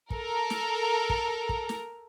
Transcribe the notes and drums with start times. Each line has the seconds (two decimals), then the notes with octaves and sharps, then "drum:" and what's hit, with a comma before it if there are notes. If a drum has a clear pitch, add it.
0.10 A4 A#4, drum: kick
0.50 drum: snare
1.10 drum: kick
1.49 drum: kick
1.69 drum: snare